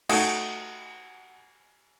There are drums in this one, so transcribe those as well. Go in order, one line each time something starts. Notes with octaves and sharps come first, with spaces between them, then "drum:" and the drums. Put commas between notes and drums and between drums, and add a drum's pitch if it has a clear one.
A3 D#4 F#4 D#5 F#5 G#5, drum: cymbal